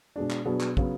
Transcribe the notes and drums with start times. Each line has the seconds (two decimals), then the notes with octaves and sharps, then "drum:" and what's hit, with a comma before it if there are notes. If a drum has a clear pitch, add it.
0.16 B2 G#3 D4
0.31 drum: clap
0.45 B2 F#3 B3 D4 G#4
0.61 drum: clap
0.77 C#3 F#3 B3, drum: kick